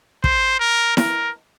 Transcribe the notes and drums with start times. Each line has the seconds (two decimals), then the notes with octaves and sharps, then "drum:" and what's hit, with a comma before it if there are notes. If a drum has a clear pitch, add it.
0.24 C5, drum: kick
0.60 A#4
0.97 A#4, drum: snare E4